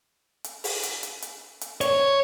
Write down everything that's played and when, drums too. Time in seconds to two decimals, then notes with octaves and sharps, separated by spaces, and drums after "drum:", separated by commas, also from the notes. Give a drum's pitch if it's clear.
0.44 drum: hi-hat
0.64 drum: open hi-hat
0.83 drum: hi-hat
1.03 drum: hi-hat
1.22 drum: hi-hat
1.61 drum: hi-hat
1.81 C#5, drum: hi-hat